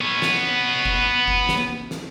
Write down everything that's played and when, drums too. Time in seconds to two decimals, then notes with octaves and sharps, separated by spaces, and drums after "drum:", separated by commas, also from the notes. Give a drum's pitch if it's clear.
0.01 B3 C#5
0.22 drum: snare
0.85 drum: kick F#1
1.28 drum: kick F#1
1.49 drum: snare
1.91 drum: snare